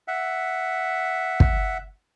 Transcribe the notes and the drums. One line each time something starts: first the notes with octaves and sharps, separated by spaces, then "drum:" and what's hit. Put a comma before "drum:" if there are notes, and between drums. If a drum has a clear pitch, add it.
E5 F#5
drum: kick